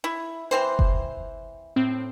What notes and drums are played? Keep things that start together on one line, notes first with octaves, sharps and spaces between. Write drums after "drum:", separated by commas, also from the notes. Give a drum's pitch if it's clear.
E4
E3 C4 C5
drum: kick F#1
A2 C4